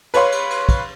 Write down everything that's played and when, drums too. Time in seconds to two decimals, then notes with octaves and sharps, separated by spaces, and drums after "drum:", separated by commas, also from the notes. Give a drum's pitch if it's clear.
0.14 B4 C#5 F5 C6, drum: cymbal
0.32 drum: cymbal
0.50 drum: cymbal
0.69 drum: kick, cymbal